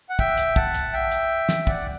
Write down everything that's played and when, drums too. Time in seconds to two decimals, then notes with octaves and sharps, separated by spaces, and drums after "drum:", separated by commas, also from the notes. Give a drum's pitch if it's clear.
0.09 F#5
0.19 E5 G5, drum: kick
0.37 drum: hi-hat
0.56 F#5 A5, drum: kick
0.74 drum: hi-hat
0.93 E5 G5
1.12 drum: hi-hat
1.49 drum: snare
1.67 D5 F#5, drum: kick